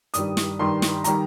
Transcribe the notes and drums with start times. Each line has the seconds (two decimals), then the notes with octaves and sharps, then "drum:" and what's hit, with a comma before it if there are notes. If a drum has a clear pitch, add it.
0.14 G2 D#3 G3 D#6, drum: hi-hat
0.37 drum: snare
0.59 G2 D#3 G3 C6
0.82 drum: snare
1.04 D#3 G3 A#5, drum: hi-hat